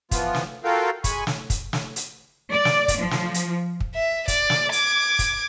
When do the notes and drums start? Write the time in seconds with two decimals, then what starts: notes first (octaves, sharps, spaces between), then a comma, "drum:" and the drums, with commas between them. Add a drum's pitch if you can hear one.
0.11 E3 F3 B3 F4, drum: kick, hi-hat
0.34 drum: snare
0.64 F4 F#4 A4 A#4 F5 G5
1.04 G#3 G#5 B5 C#6, drum: kick, hi-hat
1.27 drum: snare
1.50 drum: kick, hi-hat
1.73 drum: snare
1.96 drum: hi-hat
2.51 D5
2.65 drum: snare
2.88 drum: kick, hi-hat
2.98 F3
3.11 drum: snare
3.34 drum: hi-hat
3.80 drum: kick
3.95 E5
4.28 D5, drum: kick, hi-hat
4.50 drum: snare
4.72 D6 G#6, drum: hi-hat
5.19 drum: kick, hi-hat